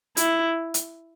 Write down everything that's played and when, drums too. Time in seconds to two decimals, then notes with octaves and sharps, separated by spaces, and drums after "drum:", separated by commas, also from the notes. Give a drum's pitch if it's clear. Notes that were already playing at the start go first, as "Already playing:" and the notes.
0.17 E4, drum: hi-hat
0.74 drum: hi-hat